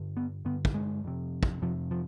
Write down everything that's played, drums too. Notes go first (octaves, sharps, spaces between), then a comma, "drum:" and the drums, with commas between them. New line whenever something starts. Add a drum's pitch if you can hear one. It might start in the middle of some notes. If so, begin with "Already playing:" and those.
Already playing: G2 D3
B3
G2 D3 B3
drum: kick
G#3
F2 C3
drum: kick
F2 C3 F3
F3